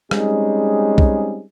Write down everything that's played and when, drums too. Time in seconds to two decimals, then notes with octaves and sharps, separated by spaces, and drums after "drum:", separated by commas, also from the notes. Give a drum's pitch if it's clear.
0.11 G3 G#3 C4 C#4 D#4 G#4, drum: rim click
0.98 drum: kick B1